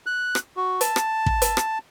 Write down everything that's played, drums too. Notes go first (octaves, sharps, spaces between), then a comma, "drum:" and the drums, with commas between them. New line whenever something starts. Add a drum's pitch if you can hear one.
F#6
drum: rim click
F#4
A5, drum: hi-hat
drum: rim click
drum: kick
drum: hi-hat
drum: rim click